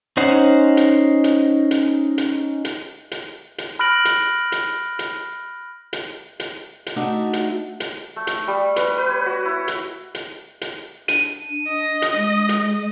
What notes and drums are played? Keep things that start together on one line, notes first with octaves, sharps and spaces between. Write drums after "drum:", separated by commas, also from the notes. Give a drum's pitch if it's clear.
C#4 D#4 C5 F#5
drum: hi-hat
drum: hi-hat
drum: hi-hat
drum: hi-hat
drum: hi-hat
drum: hi-hat
drum: hi-hat
B5 F6 F#6 A#6 D7 F#7
drum: hi-hat
drum: hi-hat
drum: hi-hat
drum: hi-hat
drum: hi-hat
drum: hi-hat
A3 D4 D#4 F#4 E5
drum: hi-hat
drum: hi-hat
A3
drum: hi-hat
G3
B4, drum: hi-hat
B4
C#5
F#4
E4
drum: hi-hat
drum: hi-hat
drum: hi-hat
D4 D#7, drum: hi-hat
D#5
drum: hi-hat
G#3
drum: hi-hat